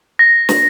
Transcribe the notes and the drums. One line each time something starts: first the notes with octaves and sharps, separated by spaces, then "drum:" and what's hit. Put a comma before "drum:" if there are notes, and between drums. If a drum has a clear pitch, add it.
A#6
drum: snare